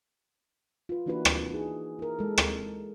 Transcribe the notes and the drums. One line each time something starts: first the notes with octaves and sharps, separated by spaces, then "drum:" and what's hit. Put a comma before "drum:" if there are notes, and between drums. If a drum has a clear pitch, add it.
F4 B4
E3 A#3 D4 E4 F#4 B4
drum: rim click
D#4 G#4
E4 A#4
G#3 A4
drum: rim click